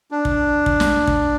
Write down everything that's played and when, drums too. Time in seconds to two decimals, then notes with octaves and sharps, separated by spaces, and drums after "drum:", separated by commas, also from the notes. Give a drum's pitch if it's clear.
0.11 D4
0.25 drum: kick
0.66 drum: kick
0.80 drum: snare
1.07 drum: kick